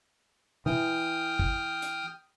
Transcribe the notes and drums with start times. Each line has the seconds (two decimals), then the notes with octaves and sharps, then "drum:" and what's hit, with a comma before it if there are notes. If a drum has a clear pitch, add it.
0.66 E3 G5 D#6 F6, drum: tom
1.39 drum: kick
1.82 drum: hi-hat